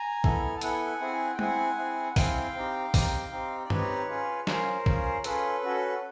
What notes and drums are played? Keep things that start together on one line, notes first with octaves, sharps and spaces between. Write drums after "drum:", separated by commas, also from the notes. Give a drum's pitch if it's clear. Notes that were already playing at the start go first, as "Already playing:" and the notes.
Already playing: G#5 A#5
B3 E4 A4, drum: kick
A5
B3 E4 A4 F#5 G#5, drum: hi-hat
C4 E4 G#4
G5
C4 E4 G#4 F#5 G#5, drum: tom
C4 E4 G#4
C4 E4 G#4 F5 G5, drum: kick, open hi-hat
C4 D#4 G4
C4 D#4 G4, drum: kick, open hi-hat
C4 D#4 G4
D5
C4 D#4 G4 B4 C#5, drum: tom G2
C#4 F4 G#4
C#4 F4 G#4 A#4 C5, drum: snare
C#4 F4 G#4, drum: kick
C#4 F4 G#4 A4 B4, drum: hi-hat
C#4 F#4 A4